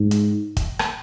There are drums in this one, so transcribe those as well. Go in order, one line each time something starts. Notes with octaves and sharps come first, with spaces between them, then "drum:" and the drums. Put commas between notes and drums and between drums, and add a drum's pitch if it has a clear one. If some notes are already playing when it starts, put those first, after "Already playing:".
Already playing: G#2
drum: hi-hat
drum: kick, hi-hat
drum: rim click